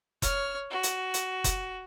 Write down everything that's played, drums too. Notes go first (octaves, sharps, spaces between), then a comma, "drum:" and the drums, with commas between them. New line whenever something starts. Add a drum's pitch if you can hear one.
C#5 F6, drum: kick F1, hi-hat
F#4
drum: hi-hat
drum: hi-hat
drum: kick F1, hi-hat